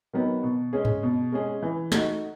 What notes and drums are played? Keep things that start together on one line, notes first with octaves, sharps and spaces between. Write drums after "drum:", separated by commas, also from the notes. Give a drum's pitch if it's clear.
D#3 F#3 B3
B2
G#3 C#4 G#4
drum: tom G2
B2
G#3 C#4 G#4
E3
A3 D#4 F#4, drum: snare